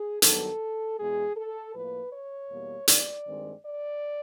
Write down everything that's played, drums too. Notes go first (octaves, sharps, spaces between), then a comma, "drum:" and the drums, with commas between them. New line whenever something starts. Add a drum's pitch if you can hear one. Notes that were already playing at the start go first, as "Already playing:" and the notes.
Already playing: G#4
G2 D#3 F#3 B3 A4, drum: hi-hat
E2 B2 G#3 G#4
A4
A2 F3 A#3 B4
C#5
E2 B2 G3 A#3
D5, drum: hi-hat
G2 D#3 G#3 C4
D5